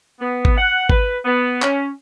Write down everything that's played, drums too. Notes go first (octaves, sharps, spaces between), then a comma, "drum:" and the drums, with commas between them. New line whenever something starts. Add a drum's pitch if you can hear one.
B3
drum: kick G#1
F#5
B4, drum: kick G#1
B3
C#4, drum: clap